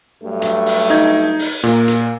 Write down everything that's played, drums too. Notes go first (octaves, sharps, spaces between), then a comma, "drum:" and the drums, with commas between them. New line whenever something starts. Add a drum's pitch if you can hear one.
G2 F#3 A3
drum: hi-hat
drum: open hi-hat
D#4 G#6, drum: hi-hat
drum: open hi-hat
A#2 A#3, drum: hi-hat
drum: hi-hat